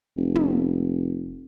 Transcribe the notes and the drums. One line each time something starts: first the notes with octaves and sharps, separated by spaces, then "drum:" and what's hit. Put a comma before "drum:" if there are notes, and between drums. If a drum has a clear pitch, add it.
F1
drum: tom